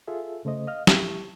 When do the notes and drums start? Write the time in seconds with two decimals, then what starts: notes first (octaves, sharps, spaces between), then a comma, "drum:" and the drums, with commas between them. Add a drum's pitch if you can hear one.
0.08 F4 G#4 A4 E5
0.45 C#3 A3 C5 D#5
0.67 D#5 F5 F6
0.87 E4 G4 A5 C#6, drum: snare